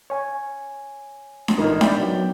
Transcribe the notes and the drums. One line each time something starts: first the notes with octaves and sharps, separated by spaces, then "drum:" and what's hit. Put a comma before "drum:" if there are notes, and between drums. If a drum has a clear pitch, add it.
C#5 G#5
drum: snare D4
A1 A#2 D#4 A#4 D#6
D5 E5 G5 B5, drum: snare D4
F#3 B3